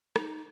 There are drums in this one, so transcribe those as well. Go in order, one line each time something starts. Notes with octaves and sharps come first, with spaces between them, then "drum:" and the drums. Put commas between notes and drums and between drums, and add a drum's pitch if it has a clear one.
D#4, drum: rim click